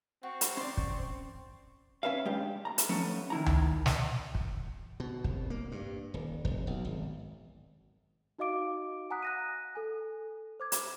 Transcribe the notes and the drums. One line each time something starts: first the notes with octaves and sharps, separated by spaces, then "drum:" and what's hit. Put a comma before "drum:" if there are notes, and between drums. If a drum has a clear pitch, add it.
C4 F#4 C#6
drum: hi-hat
C#4 C5 D5
drum: kick
C#4 B4 E5 F5
G#3 D4 G4
A#5
drum: hi-hat
F3 A3 B3 C#4
D#3 E4 A#5
drum: tom C#2
drum: snare
drum: kick
B2
C2, drum: kick
A#3
G2
D#1
F1, drum: kick
B1
G#1
D#4 F#4 D#5 F5 D6 D7
F#5 G#5 A#5 D#6 F#6 B6
F#6 A#6 D#7
A4 G#5
C5 D6 G#6
drum: hi-hat